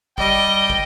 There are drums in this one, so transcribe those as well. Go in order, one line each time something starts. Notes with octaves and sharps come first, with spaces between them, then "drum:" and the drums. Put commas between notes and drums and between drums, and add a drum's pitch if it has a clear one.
G3 D#5 G5, drum: kick
drum: kick